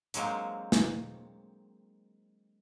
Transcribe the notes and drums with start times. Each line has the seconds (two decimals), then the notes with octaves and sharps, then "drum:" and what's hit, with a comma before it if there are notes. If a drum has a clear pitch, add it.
0.14 D3 F#3 G#3 A#3 C4, drum: hi-hat
0.72 drum: snare